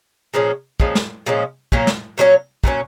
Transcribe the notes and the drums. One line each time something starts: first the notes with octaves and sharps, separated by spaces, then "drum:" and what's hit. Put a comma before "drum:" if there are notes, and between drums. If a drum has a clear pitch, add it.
A#2 F3 G#3 C#4
A#2 F3 G#3 C#4, drum: kick
drum: snare
A#2 F3 G#3 C#4
A#2 F#3 A#3 C#4, drum: kick
drum: snare
A#2 F#3 A#3 C#4
A#2 F#3 A#3 C#4, drum: kick